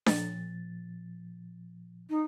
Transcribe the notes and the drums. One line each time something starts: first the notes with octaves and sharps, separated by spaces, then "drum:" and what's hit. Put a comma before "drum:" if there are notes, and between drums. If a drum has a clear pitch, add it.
A#2 F3 A6, drum: snare D4
D#4